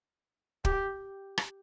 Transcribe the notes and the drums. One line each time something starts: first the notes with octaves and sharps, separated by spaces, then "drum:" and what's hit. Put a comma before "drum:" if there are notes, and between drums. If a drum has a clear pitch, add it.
G4, drum: kick
drum: rim click